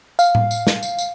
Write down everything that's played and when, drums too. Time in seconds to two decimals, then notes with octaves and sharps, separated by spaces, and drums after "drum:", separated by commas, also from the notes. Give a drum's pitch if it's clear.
0.19 F5, drum: tambourine
0.35 drum: tom A2
0.51 drum: tambourine
0.67 drum: snare
0.83 drum: tambourine
0.99 drum: tambourine